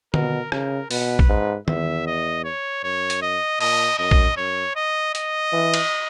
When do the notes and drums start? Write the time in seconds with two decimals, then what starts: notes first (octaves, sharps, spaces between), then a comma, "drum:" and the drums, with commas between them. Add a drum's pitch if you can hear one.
0.14 B2 A#4, drum: tom D3
0.52 C#3 A#4, drum: rim click
0.91 B2 B4, drum: open hi-hat
1.19 drum: kick A#1
1.29 G#2
1.68 E2 E5, drum: tom D#3
2.07 D#5
2.45 C#5
2.83 F#2 C#5
3.10 drum: hi-hat
3.22 D#5
3.60 A#2 D#5, drum: cymbal
3.99 F#2 D#5
4.11 drum: kick A#1
4.37 F#2 C#5
4.76 D#5
5.15 D#5, drum: hi-hat
5.53 E3
5.74 drum: cymbal